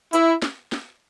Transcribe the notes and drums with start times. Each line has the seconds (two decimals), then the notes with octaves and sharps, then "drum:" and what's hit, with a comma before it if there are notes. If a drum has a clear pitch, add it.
0.13 E4, drum: hi-hat
0.42 drum: snare
0.72 drum: snare